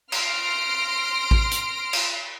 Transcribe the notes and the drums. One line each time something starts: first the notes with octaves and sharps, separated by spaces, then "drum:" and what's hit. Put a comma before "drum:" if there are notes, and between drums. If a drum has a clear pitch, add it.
C6 F6 A#6 C7 D7, drum: cymbal
drum: kick A1
drum: hi-hat
drum: cymbal